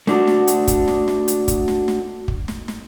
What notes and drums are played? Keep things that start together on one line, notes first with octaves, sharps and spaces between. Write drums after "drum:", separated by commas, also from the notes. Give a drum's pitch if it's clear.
A3 D4 F#4, drum: snare
drum: snare
drum: hi-hat
drum: kick, hi-hat
drum: snare
drum: snare
drum: hi-hat
drum: kick, hi-hat
drum: snare
drum: snare
drum: kick
drum: snare
drum: snare